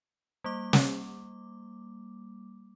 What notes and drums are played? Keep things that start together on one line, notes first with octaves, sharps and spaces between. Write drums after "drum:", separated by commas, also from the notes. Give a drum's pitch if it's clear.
G3 A#3 D6
drum: snare